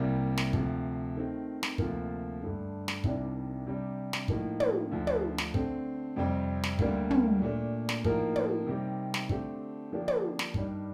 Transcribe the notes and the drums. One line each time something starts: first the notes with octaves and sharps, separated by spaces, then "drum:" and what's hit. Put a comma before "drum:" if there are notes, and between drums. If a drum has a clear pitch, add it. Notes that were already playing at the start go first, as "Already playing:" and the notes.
Already playing: C2 C3 G3 A#3
drum: snare
D2 C3 F3, drum: kick
D#3 A3 C4
drum: snare
D2 C3 F3 A#3 F4, drum: kick
G2 D3 A3
drum: snare
C2 C3 D#3 G3 D4, drum: kick
C3 G3 D4
drum: snare
A2 F3 A#3 D#4, drum: kick
drum: tom
D2 D3 F3
drum: tom
drum: snare
D3 A3 C4, drum: kick
F2 C3 G3 C4
drum: snare
D2 D3 G3 A#3, drum: kick
drum: tom
A#2 A3 D4
drum: snare
A2 F3 A#3 D#4 A#4, drum: kick
drum: tom
C3 D#3 G3 C4 G4
drum: snare
D3 A3 C4 G4, drum: kick
D3 F3 A#3 D4 G4
drum: tom
drum: snare
G2 D#3 G3 D4 G4, drum: kick